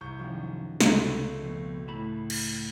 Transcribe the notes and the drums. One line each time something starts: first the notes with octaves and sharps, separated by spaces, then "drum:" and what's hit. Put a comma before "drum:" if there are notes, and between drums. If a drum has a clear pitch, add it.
C2 C#6 G6
F#2 D#3 F3
C#2 C3 A3, drum: snare
F2 B2
A2 A5 B5
drum: cymbal